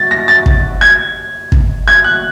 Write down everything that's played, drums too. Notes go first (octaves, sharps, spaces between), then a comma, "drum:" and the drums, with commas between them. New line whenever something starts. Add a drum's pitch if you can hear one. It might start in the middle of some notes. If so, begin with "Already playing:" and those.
Already playing: A6
A#6
A6
drum: kick
G#6
drum: kick
G#6
F#6